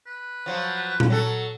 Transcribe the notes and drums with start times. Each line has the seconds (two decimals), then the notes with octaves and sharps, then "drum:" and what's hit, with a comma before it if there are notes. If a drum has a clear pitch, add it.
0.06 B4
0.46 F3 F#3
1.00 drum: tom A#2
1.10 F#3 A4